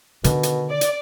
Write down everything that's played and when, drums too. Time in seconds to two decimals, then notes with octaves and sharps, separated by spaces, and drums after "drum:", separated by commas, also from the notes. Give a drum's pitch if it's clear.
0.24 B2 D3 D#3, drum: hi-hat
0.43 drum: hi-hat
0.69 D5
0.81 drum: hi-hat